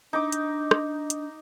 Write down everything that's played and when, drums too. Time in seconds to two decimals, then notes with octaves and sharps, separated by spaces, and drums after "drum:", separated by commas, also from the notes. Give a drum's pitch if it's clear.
0.13 D4 D#4 D6
0.32 drum: hi-hat
0.71 drum: rim click
1.10 drum: hi-hat